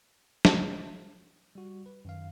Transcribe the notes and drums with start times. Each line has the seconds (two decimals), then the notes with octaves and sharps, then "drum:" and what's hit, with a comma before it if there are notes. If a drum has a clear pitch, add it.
0.45 drum: snare
1.55 G3 F#4
1.86 B4
2.05 F#2 D#3 F5